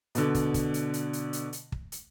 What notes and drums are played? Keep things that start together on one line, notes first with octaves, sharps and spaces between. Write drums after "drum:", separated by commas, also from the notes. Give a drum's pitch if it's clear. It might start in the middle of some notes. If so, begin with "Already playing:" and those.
B2 D3, drum: hi-hat
drum: kick, hi-hat
drum: kick, hi-hat
drum: hi-hat
drum: hi-hat
drum: hi-hat
drum: hi-hat
drum: hi-hat
drum: kick
drum: hi-hat